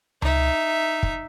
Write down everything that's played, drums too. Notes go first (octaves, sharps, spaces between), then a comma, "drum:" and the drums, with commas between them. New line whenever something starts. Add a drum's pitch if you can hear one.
D#4 E5, drum: tom C#2
drum: kick